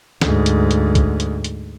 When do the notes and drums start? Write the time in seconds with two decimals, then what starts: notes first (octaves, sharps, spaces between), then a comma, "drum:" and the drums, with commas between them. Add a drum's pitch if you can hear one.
0.22 D2 G#2, drum: snare
0.46 drum: hi-hat
0.71 drum: hi-hat
0.95 drum: kick B1, hi-hat
1.20 drum: hi-hat
1.44 drum: hi-hat